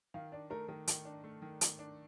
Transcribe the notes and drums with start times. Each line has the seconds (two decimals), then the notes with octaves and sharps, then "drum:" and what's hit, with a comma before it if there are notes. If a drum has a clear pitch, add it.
0.14 D#3 F5
0.32 D4 D5
0.50 A3 A#4
0.68 D#3 A#4
0.87 D#3, drum: hi-hat
1.05 D4
1.24 A3
1.42 D#3
1.61 D#3, drum: hi-hat
1.79 D4